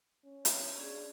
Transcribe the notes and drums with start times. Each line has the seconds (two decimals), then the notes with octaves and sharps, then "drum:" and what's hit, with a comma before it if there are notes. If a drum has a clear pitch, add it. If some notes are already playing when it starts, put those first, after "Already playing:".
0.25 C#4
0.45 drum: hi-hat
0.77 C#4 D4 G#4